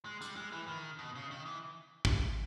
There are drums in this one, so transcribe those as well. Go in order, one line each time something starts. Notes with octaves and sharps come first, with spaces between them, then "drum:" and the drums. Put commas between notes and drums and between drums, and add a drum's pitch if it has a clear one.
G#3
G3, drum: tambourine
G#3
E3
D#3
B2
C#3
D#3
E3
drum: kick